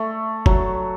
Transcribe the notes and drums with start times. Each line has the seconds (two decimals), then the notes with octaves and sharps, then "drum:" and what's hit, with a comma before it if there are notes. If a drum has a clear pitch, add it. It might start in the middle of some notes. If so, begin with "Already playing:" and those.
Already playing: A3
0.46 F#3, drum: kick F#1